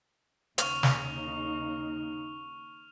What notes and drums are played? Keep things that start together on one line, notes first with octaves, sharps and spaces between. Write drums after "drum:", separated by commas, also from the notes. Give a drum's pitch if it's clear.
D#2 C#3 D#4 C#6 F6 F7, drum: hi-hat
drum: snare